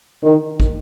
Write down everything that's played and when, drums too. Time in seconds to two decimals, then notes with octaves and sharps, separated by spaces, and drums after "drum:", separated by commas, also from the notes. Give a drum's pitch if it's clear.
0.23 D#3
0.60 drum: kick